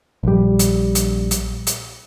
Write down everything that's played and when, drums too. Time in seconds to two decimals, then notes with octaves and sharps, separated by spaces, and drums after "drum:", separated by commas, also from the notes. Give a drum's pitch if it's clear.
0.23 A#1 G3
0.59 drum: hi-hat
0.95 drum: hi-hat
1.31 drum: hi-hat
1.67 drum: hi-hat